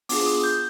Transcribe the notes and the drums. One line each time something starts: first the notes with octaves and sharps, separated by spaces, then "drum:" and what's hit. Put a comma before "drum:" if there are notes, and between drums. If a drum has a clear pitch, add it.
B3 D4 F4 G#4 D6, drum: open hi-hat
D#6
G6